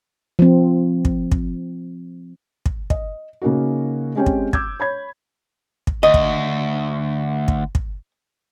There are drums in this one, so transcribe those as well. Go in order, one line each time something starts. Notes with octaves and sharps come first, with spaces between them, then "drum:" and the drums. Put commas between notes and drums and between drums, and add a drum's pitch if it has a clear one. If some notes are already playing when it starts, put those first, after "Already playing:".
F3 C4
drum: kick
drum: kick
drum: kick
D#5, drum: kick
C#3 A#3 C#4 D#4 F#4
G#3 C4 C#4 G4 C#5 G5
drum: kick
D6 E6 G6 G#6, drum: kick
C#5 B5 G#6
drum: kick
D2 D#5
drum: kick
drum: kick
drum: kick